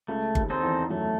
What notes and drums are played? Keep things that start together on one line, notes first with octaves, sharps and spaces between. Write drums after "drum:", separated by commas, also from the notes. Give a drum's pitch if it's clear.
C#2 C#3 A3
D#2 D#3, drum: kick G1
C4 D#4 A4 C5
E2 E3
F#2 F#3 A3